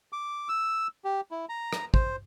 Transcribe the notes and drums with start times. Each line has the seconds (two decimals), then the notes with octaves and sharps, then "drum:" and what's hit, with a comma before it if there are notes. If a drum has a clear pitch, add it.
0.13 D6
0.49 E6
1.04 G4
1.31 E4
1.49 A#5
1.73 drum: rim click
1.94 C5, drum: kick